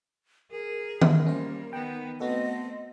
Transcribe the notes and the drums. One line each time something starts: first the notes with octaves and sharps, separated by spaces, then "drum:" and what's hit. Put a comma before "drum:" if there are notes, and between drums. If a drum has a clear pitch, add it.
G#4 A#4
drum: tom D#3
G3 A#3 C#4 C5
D#3 B3 G5
A3 B3 C4 F#4 A4 D#5